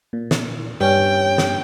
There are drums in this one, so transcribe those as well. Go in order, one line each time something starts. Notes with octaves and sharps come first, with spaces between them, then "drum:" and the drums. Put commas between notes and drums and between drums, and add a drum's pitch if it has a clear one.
A#2
drum: snare
G2 C#4 G5
drum: snare